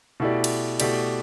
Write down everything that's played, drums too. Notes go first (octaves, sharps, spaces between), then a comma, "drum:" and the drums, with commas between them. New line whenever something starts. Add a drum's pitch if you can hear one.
B2 A3 E4 G4 D5
drum: cymbal
B2 A3 E4 G4 D5, drum: cymbal